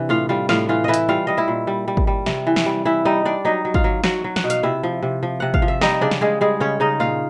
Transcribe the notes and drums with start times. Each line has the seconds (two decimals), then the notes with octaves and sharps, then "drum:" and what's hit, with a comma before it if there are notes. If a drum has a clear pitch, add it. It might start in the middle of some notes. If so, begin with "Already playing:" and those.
Already playing: C3 E3 D4
0.09 A2 F4 F5
0.29 G3 F4 F5
0.49 A2 F4 F5, drum: snare
0.69 E3 F4 F5
0.84 E3 E4 D#5 E5
0.94 drum: hi-hat
1.09 G3 F4 F5
1.27 G3 D#5
1.37 E4 E5
1.48 A#2
1.67 G3
1.88 G3
1.97 drum: kick
2.07 G3
2.26 C3, drum: snare
2.47 E3
2.56 drum: snare
2.66 G3
2.85 E3 E4 E5
3.05 G3 D#4 D#5
3.25 G3 D4 D5
3.45 F#3 D#4 D#5
3.65 F#3
3.74 F4 F5, drum: kick
3.84 F#3
4.04 F#3 F#4 F#5, drum: snare
4.24 F#3
4.36 F#5, drum: snare
4.44 B2
4.50 F5, drum: hi-hat
4.63 C3 E4 E5
4.83 F3
5.03 C3
5.23 F3
5.40 C3 F#5
5.54 F5, drum: kick
5.62 F3
5.68 E5
5.81 G3 D#4 D#5, drum: snare
6.01 C#3 D4 D5
6.11 drum: snare
6.21 C#3 G#3 G#4
6.41 G3 G#3 G#4
6.60 C#3 C#4 C#5
6.80 C#3 D#4 D#5
7.00 A#2 F4 F5